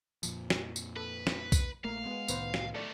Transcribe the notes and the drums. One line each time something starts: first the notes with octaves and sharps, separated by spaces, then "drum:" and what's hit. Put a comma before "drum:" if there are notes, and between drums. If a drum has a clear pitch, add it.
F2 A#2 F3, drum: tambourine
drum: snare
drum: tambourine
A4 B4
drum: snare
drum: kick B1, tambourine
A#1 A3 A#3 A#4 F5
G#3 B3
C2 A2 D#3 B3 B4 C5, drum: tambourine
drum: snare
D#3 A3 A4 D5